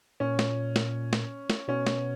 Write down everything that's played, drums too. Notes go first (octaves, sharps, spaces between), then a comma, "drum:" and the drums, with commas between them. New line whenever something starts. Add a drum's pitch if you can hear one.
A#2 C#4
drum: snare
drum: snare
drum: snare
drum: snare
B2 C#4
drum: snare